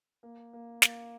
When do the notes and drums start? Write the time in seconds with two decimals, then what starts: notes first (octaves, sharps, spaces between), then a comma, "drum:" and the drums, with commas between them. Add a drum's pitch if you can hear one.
0.23 A#3
0.53 A#3
0.82 A#3, drum: snare